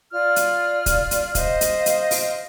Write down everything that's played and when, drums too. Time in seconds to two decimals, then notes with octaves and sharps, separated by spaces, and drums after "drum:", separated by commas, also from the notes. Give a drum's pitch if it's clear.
0.11 F4 D5 F6
0.36 drum: hi-hat
0.86 drum: kick, hi-hat
1.11 drum: hi-hat
1.35 C5 D#5 F5, drum: kick, hi-hat
1.61 drum: hi-hat
1.86 drum: hi-hat
2.11 drum: open hi-hat